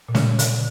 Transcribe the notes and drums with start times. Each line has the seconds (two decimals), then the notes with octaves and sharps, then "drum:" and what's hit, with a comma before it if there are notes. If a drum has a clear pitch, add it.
0.09 A#2
0.15 C#3, drum: snare
0.39 D3, drum: hi-hat